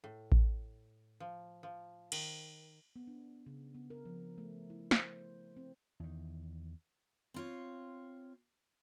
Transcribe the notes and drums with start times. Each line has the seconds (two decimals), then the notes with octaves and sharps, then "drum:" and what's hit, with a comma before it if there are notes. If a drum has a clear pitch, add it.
0.04 A2
0.32 drum: kick A1
1.20 F3
1.63 F3
2.12 D#3, drum: cymbal
2.96 B3
3.07 D4
3.46 C#3
3.75 B3
3.90 A#4
4.05 F3
4.38 A3
4.70 E4
4.91 C5, drum: snare
5.56 C4
6.00 E2 D#3
7.34 C4 F4 C#5